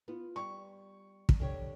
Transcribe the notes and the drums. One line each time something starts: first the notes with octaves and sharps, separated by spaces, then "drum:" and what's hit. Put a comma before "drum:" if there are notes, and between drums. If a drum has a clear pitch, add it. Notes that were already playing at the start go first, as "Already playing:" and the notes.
B3 F4
G3 C#6
drum: kick
D3 G4 C#5